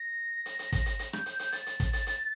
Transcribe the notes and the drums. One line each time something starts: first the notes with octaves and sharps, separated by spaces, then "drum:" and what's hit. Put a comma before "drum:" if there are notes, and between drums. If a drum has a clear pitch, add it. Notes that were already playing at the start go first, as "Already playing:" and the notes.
Already playing: A#6
drum: hi-hat
drum: hi-hat
drum: kick, hi-hat
drum: hi-hat
drum: hi-hat
G6, drum: rim click
G6, drum: hi-hat
G6, drum: hi-hat
A6, drum: hi-hat
drum: hi-hat
drum: kick, hi-hat
drum: hi-hat
drum: hi-hat